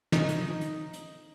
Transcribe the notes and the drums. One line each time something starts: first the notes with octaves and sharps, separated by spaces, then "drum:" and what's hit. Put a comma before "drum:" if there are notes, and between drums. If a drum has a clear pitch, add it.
D#4, drum: snare
drum: hi-hat
drum: hi-hat
drum: hi-hat